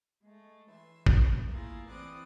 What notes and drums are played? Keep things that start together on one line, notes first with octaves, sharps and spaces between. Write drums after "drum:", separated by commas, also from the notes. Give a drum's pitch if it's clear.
G#3 A3
E3 E5 C6
drum: kick
B3
A3 A#3 E4 F4 G#4 A#4
E3 C4 D5 D6 D#6 F#6